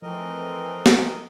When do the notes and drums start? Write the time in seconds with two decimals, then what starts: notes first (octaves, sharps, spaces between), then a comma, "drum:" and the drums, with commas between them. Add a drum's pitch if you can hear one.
0.02 E3 F3 A3 C4 A#4 D#5
0.86 drum: snare